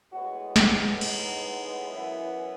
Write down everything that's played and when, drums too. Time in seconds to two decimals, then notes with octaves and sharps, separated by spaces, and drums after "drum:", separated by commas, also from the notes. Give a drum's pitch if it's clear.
0.11 A2 G#3 B3 F#4
0.56 A4, drum: snare
1.01 D#4, drum: cymbal
1.91 F#2 E3 B3 E4